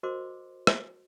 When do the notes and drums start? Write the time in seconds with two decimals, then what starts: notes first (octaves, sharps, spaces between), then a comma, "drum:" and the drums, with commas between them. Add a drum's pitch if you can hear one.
0.03 F#4 A#4 C5 D#5 C6 D6
0.67 drum: rim click